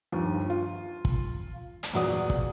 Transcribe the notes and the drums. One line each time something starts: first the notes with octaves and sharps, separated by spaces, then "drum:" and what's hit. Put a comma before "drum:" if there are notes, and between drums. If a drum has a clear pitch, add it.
G1 D#2 F3
F4
drum: kick
drum: hi-hat
E2 A#2 F#3 D5 F#5 D#6
drum: kick